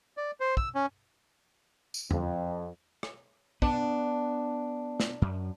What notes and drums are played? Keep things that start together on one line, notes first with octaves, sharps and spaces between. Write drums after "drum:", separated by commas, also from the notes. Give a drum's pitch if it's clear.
D5
C5
E6, drum: kick
C#4
drum: tambourine
F2, drum: tom E2
drum: rim click
B3 D4, drum: kick
drum: snare
F#2